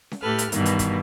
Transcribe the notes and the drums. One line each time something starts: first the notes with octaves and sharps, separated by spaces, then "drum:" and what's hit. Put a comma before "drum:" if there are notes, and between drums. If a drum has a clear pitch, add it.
drum: snare C#4
A2 G4 A4 B4 F6
drum: hi-hat
G2 B2 D#3 E3, drum: hi-hat
drum: hi-hat
drum: kick, hi-hat